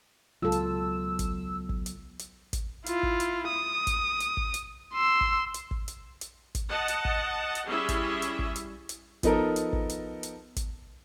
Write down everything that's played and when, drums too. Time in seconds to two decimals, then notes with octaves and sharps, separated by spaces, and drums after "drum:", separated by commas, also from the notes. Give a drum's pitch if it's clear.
0.42 C#2 F#3 G#3 B3 F4 A4 E6
0.52 drum: hi-hat
1.19 drum: kick, hi-hat
1.69 drum: kick
1.86 drum: hi-hat
2.19 drum: hi-hat
2.53 drum: kick, hi-hat
2.86 E4 F4, drum: hi-hat
3.03 drum: kick
3.20 drum: hi-hat
3.49 D#6
3.87 drum: kick, hi-hat
4.20 drum: hi-hat
4.37 drum: kick
4.54 drum: hi-hat
4.94 C6 E6
5.21 drum: kick
5.54 drum: hi-hat
5.71 drum: kick
5.88 drum: hi-hat
6.21 drum: hi-hat
6.55 drum: kick, hi-hat
6.71 D#5 F#5 A5
6.88 drum: hi-hat
7.05 drum: kick
7.55 drum: hi-hat
7.66 G3 C#4 E4 G#4 E5
7.89 drum: kick, hi-hat
8.22 drum: hi-hat
8.39 drum: kick
8.56 drum: hi-hat
8.89 drum: hi-hat
9.23 F3 B3 D#4 A4 A#4, drum: kick, hi-hat
9.56 drum: hi-hat
9.73 drum: kick
9.89 drum: hi-hat
10.23 drum: hi-hat
10.56 drum: kick, hi-hat